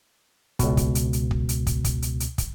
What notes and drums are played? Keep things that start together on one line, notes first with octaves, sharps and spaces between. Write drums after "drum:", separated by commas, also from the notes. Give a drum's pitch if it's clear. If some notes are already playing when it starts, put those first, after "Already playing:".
C#2 B2, drum: kick, hi-hat
drum: kick, hi-hat
drum: hi-hat
drum: hi-hat
drum: kick
drum: hi-hat
drum: kick, hi-hat
drum: kick, hi-hat
drum: hi-hat
drum: hi-hat
drum: kick, hi-hat